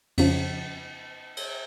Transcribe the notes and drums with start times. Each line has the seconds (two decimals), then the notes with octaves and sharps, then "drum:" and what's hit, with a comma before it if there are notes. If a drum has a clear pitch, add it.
0.18 F2 C#3 F3, drum: cymbal
1.37 drum: cymbal